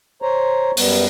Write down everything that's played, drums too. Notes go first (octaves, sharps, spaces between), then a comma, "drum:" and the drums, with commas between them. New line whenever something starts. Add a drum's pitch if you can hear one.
C5 C#5 A#5
F#2 G3 B3, drum: open hi-hat